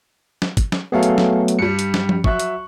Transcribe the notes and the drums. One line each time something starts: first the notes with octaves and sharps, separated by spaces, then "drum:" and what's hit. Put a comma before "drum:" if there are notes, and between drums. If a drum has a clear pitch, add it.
drum: snare
drum: kick, hi-hat
drum: snare
F#3 A3 B3 G#4 A4 F5
drum: hi-hat
drum: snare
drum: hi-hat
G2 G3 C#7
drum: hi-hat
drum: snare
drum: tom F3
F#3 E5 C#6 F#6, drum: kick
drum: hi-hat